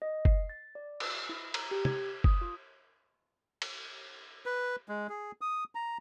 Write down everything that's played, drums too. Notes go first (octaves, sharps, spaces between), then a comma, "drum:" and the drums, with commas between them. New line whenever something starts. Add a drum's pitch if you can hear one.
D#5
C7, drum: kick
A6
D5
drum: cymbal
E4
A#5, drum: cymbal
G4
G#6, drum: tom
D#6, drum: kick
F4
drum: cymbal
B4
G#3
G#4
D#6
A#5